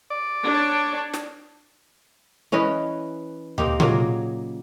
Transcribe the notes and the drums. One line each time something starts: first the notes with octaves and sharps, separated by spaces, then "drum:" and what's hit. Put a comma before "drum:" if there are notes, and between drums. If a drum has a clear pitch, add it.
D5
D4 C#5 A5
drum: snare
E3 C#4 B4 D#5
A#3 C4 D#4 G4, drum: tom
A#2 C#3 F#3 A#3, drum: tom C3